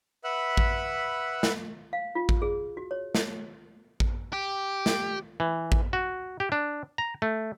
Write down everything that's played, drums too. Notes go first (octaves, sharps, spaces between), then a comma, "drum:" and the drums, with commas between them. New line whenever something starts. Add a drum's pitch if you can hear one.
B4 E5 F#5 B5 E6 F#6
drum: kick A1
drum: snare
F5
F4
drum: kick A1
G#4
F#4
C#5
drum: snare
drum: kick A1
G4
drum: snare
E3
drum: kick A1
F#4
G4
D4
A#5
A3